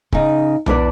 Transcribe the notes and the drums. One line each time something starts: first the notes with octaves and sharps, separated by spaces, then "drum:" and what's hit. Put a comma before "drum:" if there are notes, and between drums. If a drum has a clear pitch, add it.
C#3 D#4, drum: kick
E2 D4 B4 D5, drum: tom B1